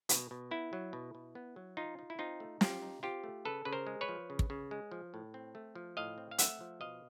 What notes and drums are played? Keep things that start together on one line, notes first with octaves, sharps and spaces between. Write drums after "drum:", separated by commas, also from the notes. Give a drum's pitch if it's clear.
B2, drum: hi-hat
B2
B3 E4
F#3
B2
B2
B3
F#3
F3 D#4 F4
D#4
E4
C4 D#4 F4
A3
F3 F4 G4, drum: snare
D#4
C4 F4 G4
A3
C#3 A4 B4
C#3 B4
A#4 C5
G#3
B4 C#5
F3
C#3
drum: kick
C#3
G#3
F3
A2
C4
A3
F3
A2 D#5 F5
C4
F5
A3 E5 F#5, drum: hi-hat
F3
B2 D#5 F5